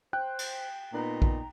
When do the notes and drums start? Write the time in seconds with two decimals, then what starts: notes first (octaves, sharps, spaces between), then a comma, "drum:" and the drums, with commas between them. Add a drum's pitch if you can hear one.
0.13 C5 G5 F#6
0.39 drum: cymbal
0.93 A#2 B3 D#4 A#5
1.22 drum: kick A#1